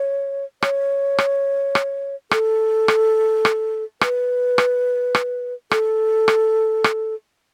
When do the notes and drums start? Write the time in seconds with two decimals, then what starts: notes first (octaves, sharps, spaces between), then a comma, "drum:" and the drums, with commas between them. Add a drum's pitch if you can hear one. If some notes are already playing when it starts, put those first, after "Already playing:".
Already playing: C#5
0.62 C#5, drum: rim click
1.18 drum: rim click
1.75 drum: rim click
2.31 A4, drum: rim click
2.88 drum: rim click
3.45 drum: rim click
4.01 B4, drum: rim click
4.58 drum: rim click
5.15 drum: rim click
5.71 A4, drum: rim click
6.28 drum: rim click
6.84 drum: rim click